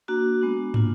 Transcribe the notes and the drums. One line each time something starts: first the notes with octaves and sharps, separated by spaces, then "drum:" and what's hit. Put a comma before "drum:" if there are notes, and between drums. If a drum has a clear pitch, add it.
A#3 D4 F#4
G#3 B3 D4
A#3 D4 F4, drum: tom